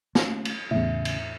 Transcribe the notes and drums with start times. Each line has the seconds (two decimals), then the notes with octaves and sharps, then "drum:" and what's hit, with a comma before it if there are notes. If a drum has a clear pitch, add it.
0.15 A3 A#3 C#4, drum: snare
0.45 drum: cymbal
0.71 E2 A2 C#3 E3 E5
1.05 drum: cymbal